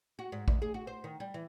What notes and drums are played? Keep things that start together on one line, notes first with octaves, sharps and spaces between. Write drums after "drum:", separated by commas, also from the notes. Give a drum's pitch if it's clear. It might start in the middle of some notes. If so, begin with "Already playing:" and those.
F#4
G#2
D2, drum: kick
G#4
F#4
C5
D#3
G3
E3